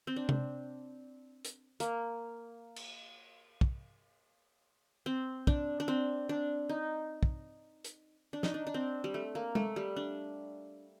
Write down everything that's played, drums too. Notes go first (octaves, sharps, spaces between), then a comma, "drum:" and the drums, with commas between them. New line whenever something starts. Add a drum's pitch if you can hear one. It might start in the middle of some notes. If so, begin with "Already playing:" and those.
C4
D4
drum: tom C3
drum: hi-hat
A#3, drum: hi-hat
drum: cymbal
drum: kick
C4
D4, drum: kick
D4
C4
D4
D#4
drum: kick
drum: hi-hat
D4
D#4, drum: snare
D4
D4
C4
G3
A3
A#3
A3, drum: tom G#3
G3
D4